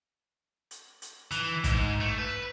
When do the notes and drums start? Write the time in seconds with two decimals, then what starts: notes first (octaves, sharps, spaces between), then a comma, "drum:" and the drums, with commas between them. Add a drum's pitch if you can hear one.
0.71 drum: hi-hat
1.02 drum: hi-hat
1.31 E3, drum: hi-hat
1.64 G#2, drum: kick, hi-hat
2.01 A3
2.18 B4